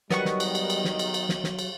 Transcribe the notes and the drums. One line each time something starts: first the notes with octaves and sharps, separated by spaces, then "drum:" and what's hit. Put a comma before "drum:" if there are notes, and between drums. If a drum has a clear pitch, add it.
D#3 F#3 G3 B3 F#5 C#6, drum: snare
drum: snare
drum: cymbal
drum: cymbal
drum: cymbal
drum: snare
drum: cymbal
drum: cymbal
drum: snare
drum: snare
drum: cymbal